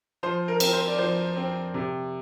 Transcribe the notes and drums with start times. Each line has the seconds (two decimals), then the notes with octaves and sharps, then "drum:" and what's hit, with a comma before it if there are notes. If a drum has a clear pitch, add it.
0.23 F3 C5
0.48 A#4
0.60 C4, drum: cymbal
0.73 C5
0.87 D5
0.98 F3 C5
1.36 C4
1.74 C3